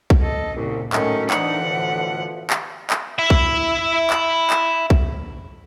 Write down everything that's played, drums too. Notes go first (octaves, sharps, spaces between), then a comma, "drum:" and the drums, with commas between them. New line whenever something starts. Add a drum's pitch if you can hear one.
drum: kick
A4 D#5
C2 A#2 C#3
A2 D#3 F#3 C#4 F#4 A4, drum: clap
D2 B2 E3 F3 D4 D#4 F#5, drum: clap
A2 D3
drum: clap
drum: clap
E4 E5
drum: kick
drum: clap
drum: clap
drum: kick